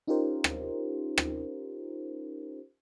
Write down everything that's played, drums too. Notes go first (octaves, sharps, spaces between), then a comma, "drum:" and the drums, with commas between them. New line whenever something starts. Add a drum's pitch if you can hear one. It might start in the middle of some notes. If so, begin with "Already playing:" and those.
C#4 D#4 F4 G4 A#4 C5
drum: rim click
drum: rim click